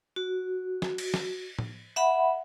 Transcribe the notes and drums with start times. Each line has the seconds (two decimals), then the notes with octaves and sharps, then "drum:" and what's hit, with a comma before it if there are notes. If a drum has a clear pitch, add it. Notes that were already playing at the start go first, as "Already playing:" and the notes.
0.16 F#4
0.82 drum: snare
0.98 drum: cymbal
1.14 drum: snare
1.59 drum: tom A2
1.96 E5 F#5 B5